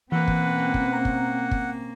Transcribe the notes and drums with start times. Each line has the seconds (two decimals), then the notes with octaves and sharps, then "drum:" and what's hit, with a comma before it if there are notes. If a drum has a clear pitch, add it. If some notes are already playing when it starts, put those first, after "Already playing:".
0.12 B2 E3 A#3 C4 C#4 B4 F#5
0.28 drum: kick
0.74 drum: kick
0.93 A#3 A#5
1.05 drum: kick
1.51 drum: kick